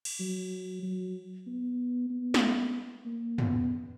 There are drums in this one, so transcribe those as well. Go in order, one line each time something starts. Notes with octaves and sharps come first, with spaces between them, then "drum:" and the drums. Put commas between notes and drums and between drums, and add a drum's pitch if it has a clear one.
drum: cymbal
F#3
F#3
B3
B3
drum: snare
A#3
B3, drum: tom